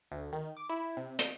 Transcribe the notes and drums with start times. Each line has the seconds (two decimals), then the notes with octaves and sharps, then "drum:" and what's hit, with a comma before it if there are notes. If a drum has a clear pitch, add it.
0.12 D2
0.33 D#3
0.57 D6
0.69 E4
0.97 C3
1.19 C7, drum: hi-hat